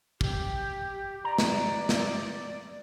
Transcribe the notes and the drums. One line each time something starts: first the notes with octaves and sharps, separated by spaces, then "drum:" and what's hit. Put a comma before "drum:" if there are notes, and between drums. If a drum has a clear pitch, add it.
G4, drum: kick
D5 A#5
drum: snare
drum: snare